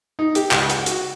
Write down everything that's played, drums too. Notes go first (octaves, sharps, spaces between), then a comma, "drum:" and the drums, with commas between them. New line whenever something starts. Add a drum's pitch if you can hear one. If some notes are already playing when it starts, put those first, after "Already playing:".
D#4
G4, drum: hi-hat
C#2, drum: clap
F#5, drum: hi-hat
F#4, drum: hi-hat